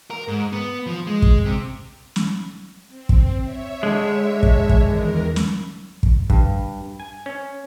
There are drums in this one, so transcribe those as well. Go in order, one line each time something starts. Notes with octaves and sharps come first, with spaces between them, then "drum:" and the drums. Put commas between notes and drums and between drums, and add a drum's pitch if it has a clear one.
A#4
G#2
B3
F3
G#3
drum: kick
C3
drum: snare
C4
drum: kick
C#5 E5
D3 G#3
drum: kick
drum: kick
E2 D#3 A#4
drum: snare
drum: kick
G2, drum: kick
G#5
C#4